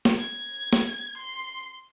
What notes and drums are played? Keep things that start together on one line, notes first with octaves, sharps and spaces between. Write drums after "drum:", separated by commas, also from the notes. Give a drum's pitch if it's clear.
drum: snare
G#6
drum: snare
C6